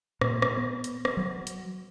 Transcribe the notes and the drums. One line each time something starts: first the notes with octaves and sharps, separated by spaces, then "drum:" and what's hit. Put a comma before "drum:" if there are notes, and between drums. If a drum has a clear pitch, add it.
A#2, drum: rim click
drum: rim click
B3
drum: hi-hat
drum: rim click
F#3
drum: hi-hat